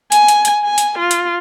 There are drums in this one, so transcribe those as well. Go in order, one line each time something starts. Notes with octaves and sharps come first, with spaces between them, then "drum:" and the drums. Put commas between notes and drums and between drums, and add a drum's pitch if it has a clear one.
G#5, drum: hi-hat
drum: hi-hat
drum: hi-hat
G#5
drum: hi-hat
F4
drum: hi-hat